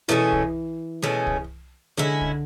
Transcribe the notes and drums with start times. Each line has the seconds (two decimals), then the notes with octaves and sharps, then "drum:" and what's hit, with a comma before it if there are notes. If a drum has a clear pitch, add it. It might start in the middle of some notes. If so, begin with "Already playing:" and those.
0.08 B2 E3 A3 C#4 G#4
0.32 drum: kick C2
1.02 B2 A3 C#4 G#4, drum: snare
1.27 drum: kick C2
1.97 D3 G#3 C#4 E4
2.21 drum: kick C2